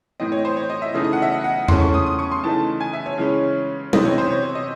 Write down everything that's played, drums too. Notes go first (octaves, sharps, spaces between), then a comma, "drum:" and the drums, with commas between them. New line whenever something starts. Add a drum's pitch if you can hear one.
A2 E3 C4 D#5
C#5
C5
C#5
D#5
E5
C#3 E3 A3 D#4 D#5
D#5
F#5
E5
D#5
F#5
C#3 E3 A3 C#4 C6, drum: tom E2
C#6
D#6
D#6
C#6
C6
C#3 E3 A3 D#4 A5
G#5
E5
C#5
C#3 E3 G#3 C#4
C3 E3 C4 D#5, drum: tom F#3
C#5
C5
C#5
C#5
D#5